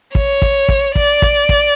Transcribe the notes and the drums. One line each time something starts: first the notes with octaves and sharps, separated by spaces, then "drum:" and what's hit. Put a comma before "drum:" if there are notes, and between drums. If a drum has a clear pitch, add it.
C#5, drum: kick
drum: kick
drum: kick
D5, drum: kick
drum: kick
drum: kick